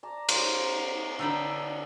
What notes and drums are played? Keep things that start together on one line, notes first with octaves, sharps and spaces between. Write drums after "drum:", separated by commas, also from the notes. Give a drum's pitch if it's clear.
D5 A5 A#5
F4 C5 C#5 F5, drum: cymbal
D3 D4 D#4 A4 A5 B5